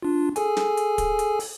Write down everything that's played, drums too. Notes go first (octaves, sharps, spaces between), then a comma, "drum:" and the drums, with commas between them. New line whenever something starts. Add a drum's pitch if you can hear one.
D4 F4
G#4 A4 G#5, drum: hi-hat
drum: snare
drum: hi-hat
drum: kick, hi-hat
drum: hi-hat
drum: open hi-hat